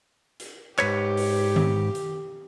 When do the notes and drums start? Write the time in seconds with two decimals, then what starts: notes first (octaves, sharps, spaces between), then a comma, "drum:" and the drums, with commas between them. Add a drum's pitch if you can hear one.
0.40 drum: hi-hat
0.79 G#2 G4 B4 C#5, drum: clap
1.17 drum: open hi-hat
1.56 drum: tom D#3
1.95 drum: hi-hat